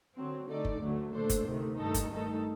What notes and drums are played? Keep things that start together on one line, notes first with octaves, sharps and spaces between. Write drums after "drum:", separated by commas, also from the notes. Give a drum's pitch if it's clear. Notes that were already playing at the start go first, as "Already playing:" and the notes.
D3 F#3 C4
D3 A3 D#4 A4 D5
drum: kick F#1
D2 D3 F#3 A3
A#2 A3 D4 A4 C5
drum: kick F#1, hi-hat
D2 C3 D#3 A3
G2 D#3 A3 D#4 A4
drum: kick F#1, hi-hat
G2 D#3 A3 D#4 A4